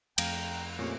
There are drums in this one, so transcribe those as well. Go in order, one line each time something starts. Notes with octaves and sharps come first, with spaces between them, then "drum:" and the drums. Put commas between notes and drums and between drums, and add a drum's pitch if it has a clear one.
F2 A3 F5 G5 A#5, drum: cymbal
A#2 A3 C4 C#4 G4